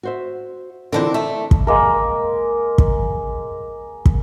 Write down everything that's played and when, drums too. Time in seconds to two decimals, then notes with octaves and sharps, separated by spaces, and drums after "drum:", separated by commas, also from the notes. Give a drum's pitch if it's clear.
0.03 F#4 C5 E5
0.93 D3 E3 C4 D4 F4 A#4
1.14 A3 E5
1.51 drum: kick
1.67 G#3 A#3 A#4
2.78 drum: kick
4.06 drum: kick